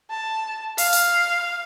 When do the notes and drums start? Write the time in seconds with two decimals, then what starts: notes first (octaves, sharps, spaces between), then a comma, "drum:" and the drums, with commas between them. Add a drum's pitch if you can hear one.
0.10 A5
0.78 F5, drum: open hi-hat
0.93 drum: open hi-hat